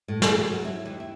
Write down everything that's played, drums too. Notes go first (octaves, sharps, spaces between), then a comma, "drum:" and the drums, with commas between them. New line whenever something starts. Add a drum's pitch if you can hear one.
A2
G#4, drum: snare
F#3
F#3
E4
D#2
E4